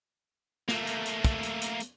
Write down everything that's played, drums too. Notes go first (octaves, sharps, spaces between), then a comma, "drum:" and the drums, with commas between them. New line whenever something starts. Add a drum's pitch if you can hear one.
A3 A#3, drum: snare
drum: hi-hat
drum: hi-hat
drum: kick, hi-hat
drum: hi-hat
drum: hi-hat
drum: hi-hat